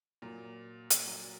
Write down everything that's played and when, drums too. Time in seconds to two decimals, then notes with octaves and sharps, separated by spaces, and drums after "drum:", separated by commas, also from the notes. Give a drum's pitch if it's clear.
0.22 A#2 F#3
0.90 drum: hi-hat
1.07 F#3